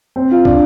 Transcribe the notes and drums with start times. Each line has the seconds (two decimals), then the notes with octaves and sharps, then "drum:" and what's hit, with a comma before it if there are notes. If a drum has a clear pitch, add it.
0.16 C4
0.31 F4
0.45 D4, drum: kick